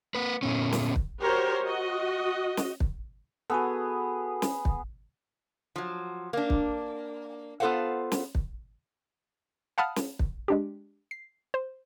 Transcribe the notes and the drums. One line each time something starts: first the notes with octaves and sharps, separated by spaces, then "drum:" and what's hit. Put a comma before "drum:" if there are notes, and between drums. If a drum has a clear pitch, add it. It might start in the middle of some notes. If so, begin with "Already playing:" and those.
A#3 B4
A#2 B3 C#4
drum: snare
drum: kick
F#4 G4 A#4 C5 C#5
F#4 D#5
drum: snare
drum: kick
B3 F#4 G#4 A4
drum: snare
drum: kick
F3 F#3
A#3 D4
drum: kick
B3 F4 A4 C5 F5 F#5
drum: snare
drum: kick
F5 F#5 A5 B5 D#6 F6
drum: snare
drum: kick
G#3 D4 G4
C7
C5